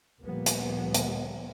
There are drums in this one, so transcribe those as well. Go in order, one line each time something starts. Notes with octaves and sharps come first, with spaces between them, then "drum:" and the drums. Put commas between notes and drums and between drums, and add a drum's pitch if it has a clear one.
D2 A#2 F3 G3 A#3 B3
drum: hi-hat
drum: hi-hat